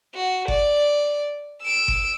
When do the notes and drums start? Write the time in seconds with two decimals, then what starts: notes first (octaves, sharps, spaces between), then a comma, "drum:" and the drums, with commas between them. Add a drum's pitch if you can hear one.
0.15 F#4
0.48 D5, drum: kick G1
1.63 E6 D7
1.88 drum: kick G1